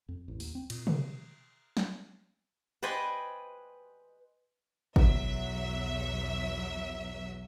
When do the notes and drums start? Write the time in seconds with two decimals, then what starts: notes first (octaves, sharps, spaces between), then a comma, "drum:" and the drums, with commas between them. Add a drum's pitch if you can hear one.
0.09 F2
0.28 A1
0.40 D#2, drum: open hi-hat
0.55 C4
0.70 A#2, drum: cymbal
0.87 D#3, drum: tom
1.77 drum: snare
2.83 B4 C5 D5 D#5 G5 G#5
4.96 B1 E2 F#3 E5, drum: kick